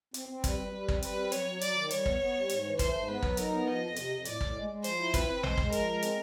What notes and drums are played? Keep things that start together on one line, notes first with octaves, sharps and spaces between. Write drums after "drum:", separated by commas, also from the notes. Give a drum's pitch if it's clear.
C4, drum: hi-hat
C4
G3 B4, drum: kick, hi-hat
G3
G3
C4, drum: kick
G3 B4, drum: hi-hat
C4
F#3 C#5, drum: hi-hat
F#3
F#3 D5, drum: hi-hat
D#3
G3 C#5, drum: hi-hat
B3, drum: kick
B3
G3
G#2, drum: hi-hat
E3
A3 C5, drum: kick, hi-hat
G#2
B3 B4
F#3, drum: kick
D#4 A#4, drum: hi-hat
B3
F3 D#5
F2
C3, drum: hi-hat
F2
A2 D5, drum: hi-hat
A2, drum: kick
G#3
G#3
F3 C5, drum: hi-hat
E4
C4 B4, drum: kick, hi-hat
C4
G#3 C5, drum: tom A1
G#3, drum: kick
F3 A#4, drum: hi-hat
G#3
C4, drum: hi-hat